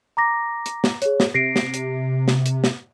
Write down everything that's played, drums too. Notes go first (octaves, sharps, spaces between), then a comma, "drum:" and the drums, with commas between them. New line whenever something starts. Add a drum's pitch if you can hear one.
A#5 D6 A#6
drum: hi-hat
drum: snare
G#4 C#5, drum: hi-hat
drum: snare
C3 A#6 C7 D7
drum: snare
drum: hi-hat
drum: snare
drum: hi-hat
drum: snare